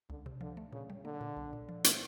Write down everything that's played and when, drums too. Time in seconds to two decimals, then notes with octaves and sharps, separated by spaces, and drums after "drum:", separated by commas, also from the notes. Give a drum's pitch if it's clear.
0.10 C#2 D3
0.26 C3
0.41 D3 F3
0.57 A3
0.73 A#2 C#3
0.90 G3
1.05 D3 A#3
1.21 A#2
1.37 B1
1.53 A#2
1.69 F3
1.84 A3, drum: hi-hat